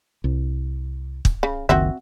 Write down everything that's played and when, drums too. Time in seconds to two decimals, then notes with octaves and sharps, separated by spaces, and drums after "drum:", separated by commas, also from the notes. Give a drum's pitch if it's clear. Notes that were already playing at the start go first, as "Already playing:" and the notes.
0.24 C2
1.25 drum: kick
1.43 C#3
1.69 F#1 C#2 D#3 C4 F#4 E5